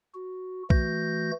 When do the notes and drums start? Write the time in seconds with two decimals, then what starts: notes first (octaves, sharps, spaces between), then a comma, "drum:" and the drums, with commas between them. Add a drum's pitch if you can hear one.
0.14 F#4
0.70 E3 A3 F#4 G6 A#6, drum: kick B1